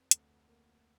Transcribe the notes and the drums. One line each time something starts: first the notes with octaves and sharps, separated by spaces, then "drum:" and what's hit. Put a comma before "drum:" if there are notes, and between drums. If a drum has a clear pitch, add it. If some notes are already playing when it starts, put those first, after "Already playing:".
Already playing: F2 B4 C#5
D2, drum: hi-hat
A#3